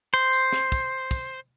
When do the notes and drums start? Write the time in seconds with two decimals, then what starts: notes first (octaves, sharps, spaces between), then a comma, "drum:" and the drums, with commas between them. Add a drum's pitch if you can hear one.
0.14 C5
0.33 drum: tambourine
0.53 drum: snare
0.72 drum: kick, tambourine
1.11 drum: kick, tambourine